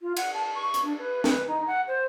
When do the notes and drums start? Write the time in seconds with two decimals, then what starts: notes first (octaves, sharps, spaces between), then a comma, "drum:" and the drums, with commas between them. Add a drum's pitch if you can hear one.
0.01 F4
0.17 F#5, drum: cymbal
0.34 A5
0.55 C#6
0.74 drum: hi-hat
0.83 D4
0.98 B4
1.24 B4, drum: snare
1.48 D#4
1.67 F#5
1.87 C5